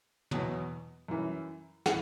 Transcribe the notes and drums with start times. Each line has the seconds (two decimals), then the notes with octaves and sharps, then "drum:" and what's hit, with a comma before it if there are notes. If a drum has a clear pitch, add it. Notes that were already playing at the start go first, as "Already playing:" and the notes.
0.31 E2 B2 F#3, drum: tom
1.08 F#2 E3
1.86 E3 F#5, drum: snare